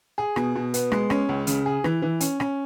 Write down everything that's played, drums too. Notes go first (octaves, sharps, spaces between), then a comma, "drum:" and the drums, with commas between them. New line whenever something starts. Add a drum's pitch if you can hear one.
G#4
B2, drum: rim click
B2
B3, drum: hi-hat
G#3, drum: rim click
C#4, drum: rim click
C#2
C#3, drum: hi-hat
G#4
E3, drum: rim click
E3
C#4, drum: hi-hat
C#4, drum: rim click